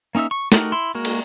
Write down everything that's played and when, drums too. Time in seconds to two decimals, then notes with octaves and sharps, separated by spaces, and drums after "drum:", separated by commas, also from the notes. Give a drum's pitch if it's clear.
0.15 A#3 C#4 D#4 E5 E6
0.31 C#6
0.52 A3 D#4 F#4 G4 A#4, drum: snare
0.72 E4 C6
0.95 G#3 A#3 F#4 A#4
1.05 drum: cymbal